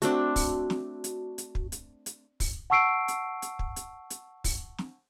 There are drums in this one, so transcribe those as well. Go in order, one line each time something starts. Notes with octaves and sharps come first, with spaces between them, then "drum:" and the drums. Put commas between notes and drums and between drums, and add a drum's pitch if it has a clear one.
A3 C4 D4 F#4, drum: hi-hat
drum: kick, open hi-hat
drum: snare
drum: hi-hat
drum: hi-hat
drum: kick
drum: hi-hat
drum: hi-hat
drum: kick, open hi-hat
F#5 A5 C#6 E6 C7 D7
drum: hi-hat
drum: hi-hat
drum: kick
drum: hi-hat
drum: hi-hat
drum: kick, open hi-hat
drum: snare